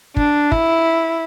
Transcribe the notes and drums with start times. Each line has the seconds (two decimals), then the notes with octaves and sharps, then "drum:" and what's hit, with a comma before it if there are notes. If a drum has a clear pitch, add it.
0.17 D4, drum: kick
0.52 E4, drum: kick